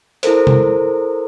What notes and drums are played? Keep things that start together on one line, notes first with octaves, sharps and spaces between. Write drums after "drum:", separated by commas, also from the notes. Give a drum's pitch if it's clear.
E4 A4 A#4 C5, drum: hi-hat
drum: tom C3